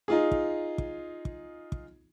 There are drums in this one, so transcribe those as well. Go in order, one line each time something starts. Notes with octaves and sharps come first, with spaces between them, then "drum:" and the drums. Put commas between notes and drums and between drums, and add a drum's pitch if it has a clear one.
D#4 F4 G#4
drum: kick
drum: kick
drum: kick
drum: kick